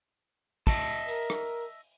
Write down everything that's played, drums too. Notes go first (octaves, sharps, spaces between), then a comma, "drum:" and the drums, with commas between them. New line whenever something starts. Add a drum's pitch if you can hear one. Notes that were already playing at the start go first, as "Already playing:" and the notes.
D#5 E5 A5, drum: kick
A#4, drum: open hi-hat
drum: rim click